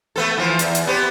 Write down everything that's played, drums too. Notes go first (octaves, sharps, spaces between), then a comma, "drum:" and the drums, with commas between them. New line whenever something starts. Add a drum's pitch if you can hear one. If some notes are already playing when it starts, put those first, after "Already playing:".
A3 B3 A4
E3 F3
E2, drum: hi-hat
drum: hi-hat
B3 C4 G4